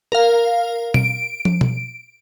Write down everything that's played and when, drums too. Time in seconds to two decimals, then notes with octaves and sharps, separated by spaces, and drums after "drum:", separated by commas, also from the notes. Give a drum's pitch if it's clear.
0.12 A#4 F5
0.94 D7, drum: tom B2
1.45 drum: tom
1.61 drum: tom B2